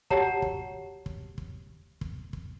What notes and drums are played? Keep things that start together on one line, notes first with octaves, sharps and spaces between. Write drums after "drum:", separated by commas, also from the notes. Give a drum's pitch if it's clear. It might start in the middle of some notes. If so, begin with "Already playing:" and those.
F#4 G4 C#5 F#5 A5 A#5, drum: kick
drum: kick
drum: kick
drum: kick
drum: kick
drum: kick